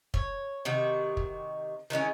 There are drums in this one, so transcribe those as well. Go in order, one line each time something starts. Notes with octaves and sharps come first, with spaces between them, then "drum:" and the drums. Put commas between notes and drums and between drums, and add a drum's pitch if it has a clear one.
C#5, drum: kick
C3 D#3 F#4
drum: kick
D#3 E3 G#3 C#4